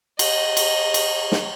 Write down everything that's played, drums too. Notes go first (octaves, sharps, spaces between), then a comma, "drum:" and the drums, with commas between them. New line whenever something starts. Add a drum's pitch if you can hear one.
D#5, drum: cymbal
drum: cymbal
drum: cymbal
drum: snare